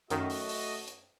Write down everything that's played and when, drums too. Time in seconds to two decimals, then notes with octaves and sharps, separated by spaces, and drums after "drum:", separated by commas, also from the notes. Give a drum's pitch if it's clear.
0.10 F#2 D#3 A3 F#4 D#5, drum: hi-hat
0.30 drum: open hi-hat
0.49 drum: open hi-hat
0.88 drum: hi-hat